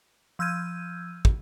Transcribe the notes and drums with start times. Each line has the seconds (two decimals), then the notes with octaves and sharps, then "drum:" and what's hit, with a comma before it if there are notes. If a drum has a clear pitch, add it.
0.39 F3 E6 F6 G6 G#6 D#7
1.25 drum: kick